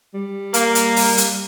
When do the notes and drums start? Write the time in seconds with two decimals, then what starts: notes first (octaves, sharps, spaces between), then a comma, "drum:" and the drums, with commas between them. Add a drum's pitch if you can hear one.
0.14 G3
0.54 A#3, drum: hi-hat
0.75 drum: hi-hat
0.96 drum: open hi-hat
1.18 drum: hi-hat